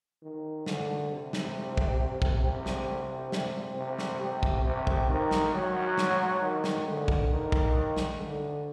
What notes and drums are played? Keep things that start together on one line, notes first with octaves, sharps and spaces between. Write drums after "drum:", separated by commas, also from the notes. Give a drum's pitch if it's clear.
D#3
D3, drum: snare
C3
drum: snare
drum: kick
drum: kick
C3
drum: snare
C3, drum: snare
C3
drum: snare
C3
drum: kick
C3
drum: kick
D#3
drum: snare
F#3
drum: snare
D#3
drum: snare
D3
drum: kick
D#3
drum: kick
drum: snare
D3